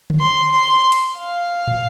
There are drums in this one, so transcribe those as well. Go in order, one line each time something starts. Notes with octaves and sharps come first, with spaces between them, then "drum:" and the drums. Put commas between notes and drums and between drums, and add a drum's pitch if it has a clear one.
drum: tom D3
C6
C6
drum: hi-hat
F5
drum: tom